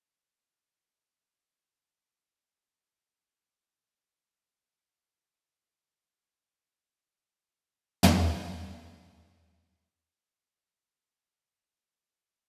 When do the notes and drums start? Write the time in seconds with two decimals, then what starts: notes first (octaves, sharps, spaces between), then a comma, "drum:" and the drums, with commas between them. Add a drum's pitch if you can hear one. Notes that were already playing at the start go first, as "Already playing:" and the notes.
Already playing: A3
0.34 F#3
0.48 G#3
0.61 G#3
0.76 B3
0.89 C#4
1.99 F#4
2.18 F4
2.36 D4
2.54 C#4
2.72 A3
2.90 F#3
3.08 G#3
3.27 A3
3.45 B3
3.64 D4
4.18 F4
4.32 F4
4.42 F#4
4.46 F4
4.60 F4
4.73 F4
5.83 F#4
5.97 F4
6.10 D4
6.24 F#4
6.38 D4
7.48 C#4
8.03 drum: tom
9.13 B3
9.31 A3
9.49 G#3
9.68 G#3
9.86 A3
10.22 A3
11.33 B3
11.51 D4
11.69 C#4